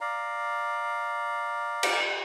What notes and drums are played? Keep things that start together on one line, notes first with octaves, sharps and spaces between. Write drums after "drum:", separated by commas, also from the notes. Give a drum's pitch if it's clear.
D5 F5 A#5
drum: cymbal